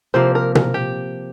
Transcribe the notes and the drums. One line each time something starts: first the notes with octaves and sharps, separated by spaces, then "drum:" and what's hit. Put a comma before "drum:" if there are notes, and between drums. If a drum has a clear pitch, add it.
C3 F3 A#3 C5
A#4
A#4, drum: tom B2
G4